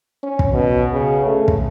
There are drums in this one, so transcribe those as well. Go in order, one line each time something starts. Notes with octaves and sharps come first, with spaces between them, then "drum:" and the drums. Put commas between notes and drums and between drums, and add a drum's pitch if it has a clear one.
C#4
drum: kick
B2
C#3
A3
drum: kick